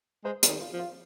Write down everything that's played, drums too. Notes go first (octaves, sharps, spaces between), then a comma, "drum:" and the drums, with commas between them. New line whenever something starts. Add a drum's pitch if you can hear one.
G#3 C5
A#4, drum: hi-hat
D#3
F4
F3
F4